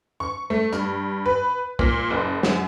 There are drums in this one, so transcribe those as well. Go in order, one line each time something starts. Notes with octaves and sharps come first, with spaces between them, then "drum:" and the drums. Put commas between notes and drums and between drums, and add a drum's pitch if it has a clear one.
C#6
A3
G2, drum: hi-hat
B4
A#2, drum: kick
F#1
F#2, drum: snare